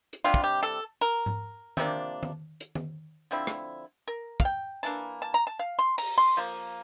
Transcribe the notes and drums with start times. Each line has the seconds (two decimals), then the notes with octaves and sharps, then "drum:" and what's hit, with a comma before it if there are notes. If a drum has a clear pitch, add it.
0.13 drum: hi-hat
0.24 C3 G3 D4 F4
0.34 drum: kick
0.44 G4
0.63 A4
1.01 A#4
1.26 drum: tom G#2
1.77 C3 F3 A#3 D4, drum: tom D#3
2.23 drum: tom D#3
2.60 drum: hi-hat
2.75 drum: tom D#3
3.31 D3 F3 C4 E4
3.47 drum: rim click
4.08 A#4
4.40 F5, drum: kick
4.45 G5
4.83 E3 A#3 D4 A5
5.22 A5
5.34 A#5
5.47 A5
5.59 F5
5.79 C6
5.98 A#5, drum: cymbal
6.18 C6
6.37 F3 A#3